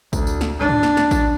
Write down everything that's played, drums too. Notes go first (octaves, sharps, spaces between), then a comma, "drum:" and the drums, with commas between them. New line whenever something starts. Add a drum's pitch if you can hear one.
D2, drum: kick A1, tambourine
drum: tambourine
drum: snare
D4
drum: tom G#2
drum: snare
drum: snare
drum: kick A1, tambourine